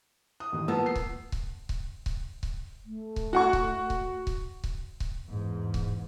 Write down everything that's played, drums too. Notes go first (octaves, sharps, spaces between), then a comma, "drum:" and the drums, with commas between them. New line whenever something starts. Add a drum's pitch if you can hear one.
D#6
A1 D#2 A2
F3 A#3 B3 A5 E6
C7
drum: kick C#1
drum: kick C#1
drum: kick C#1
drum: kick C#1
drum: kick C#1
A3
drum: kick C#1
F#4 F#5 C#6
drum: kick C#1
drum: kick C#1
drum: kick C#1
drum: kick C#1
drum: kick C#1
E2 G#2
drum: kick C#1